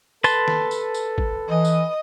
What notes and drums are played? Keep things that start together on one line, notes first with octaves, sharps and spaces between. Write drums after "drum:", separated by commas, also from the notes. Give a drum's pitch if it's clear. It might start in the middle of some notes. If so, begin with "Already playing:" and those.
A4 B4 A5 C6, drum: tambourine
drum: snare
drum: tambourine
drum: tambourine
drum: kick
E3 D#5
drum: tambourine